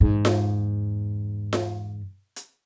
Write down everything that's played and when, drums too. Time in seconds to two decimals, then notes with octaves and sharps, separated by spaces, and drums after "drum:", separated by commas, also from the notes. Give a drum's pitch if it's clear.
0.01 E2 G#2
0.25 drum: snare F4
1.53 drum: snare F4
2.36 drum: hi-hat